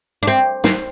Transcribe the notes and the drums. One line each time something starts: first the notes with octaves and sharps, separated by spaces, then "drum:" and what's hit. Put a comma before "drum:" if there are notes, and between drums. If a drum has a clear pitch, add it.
D4
C4
C4, drum: snare